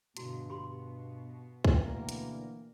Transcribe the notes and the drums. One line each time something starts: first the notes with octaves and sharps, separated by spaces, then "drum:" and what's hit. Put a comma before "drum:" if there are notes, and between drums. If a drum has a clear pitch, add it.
G2 B2 D3 G#3 E4 F#4, drum: hi-hat
B2 B3 G4 B5 C6
drum: kick C2
D2 B2 D3 E3 A#3 A#4 G5
drum: hi-hat